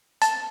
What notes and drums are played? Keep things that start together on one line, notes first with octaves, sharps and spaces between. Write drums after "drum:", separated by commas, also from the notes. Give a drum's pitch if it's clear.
A5, drum: hi-hat